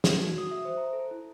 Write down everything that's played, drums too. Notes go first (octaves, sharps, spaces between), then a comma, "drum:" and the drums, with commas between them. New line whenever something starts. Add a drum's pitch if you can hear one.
C7, drum: snare
F#4
D#6
E5
C5
A#5
A4
E4